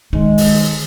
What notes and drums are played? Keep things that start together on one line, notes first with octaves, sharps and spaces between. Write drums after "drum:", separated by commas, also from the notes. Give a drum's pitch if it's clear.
D#3 G#3
drum: open hi-hat